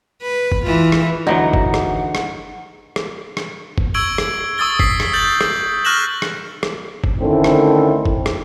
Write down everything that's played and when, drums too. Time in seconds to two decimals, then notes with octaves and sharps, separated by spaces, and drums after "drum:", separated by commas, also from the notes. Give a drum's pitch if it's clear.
0.23 B4
0.52 drum: kick F#1
0.65 E3 F4
0.92 drum: rim click
1.27 D2 E3 F#3 D#4 F#5
1.53 drum: kick F#1
1.74 drum: rim click
2.15 drum: rim click
2.96 drum: rim click
3.37 drum: rim click
3.78 drum: kick F#1
3.94 C#6 E6 G#6 D7 F#7 G7
4.18 drum: rim click
4.58 C#6 D#6 E6 A6 G7
4.79 B6 C7, drum: kick F#1
5.00 drum: rim click
5.13 G6 A6 F#7
5.41 drum: rim click
5.85 C#6 F6 F#6 A#6 E7 F#7
6.22 drum: rim click
6.63 drum: rim click
7.04 drum: kick F#1
7.19 D3 D#3 A3 C4 C#4 E4
7.44 drum: rim click
8.05 drum: kick F#1
8.26 drum: rim click